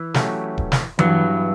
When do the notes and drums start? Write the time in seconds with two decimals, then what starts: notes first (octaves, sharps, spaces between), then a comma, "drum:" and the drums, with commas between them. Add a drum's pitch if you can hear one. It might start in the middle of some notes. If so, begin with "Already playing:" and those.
Already playing: E3
0.14 F#3 A3 C#4 G4 B4, drum: snare
0.58 drum: kick D#1
0.72 drum: snare
0.99 G2 E3 F#3 B3 E4, drum: tom E3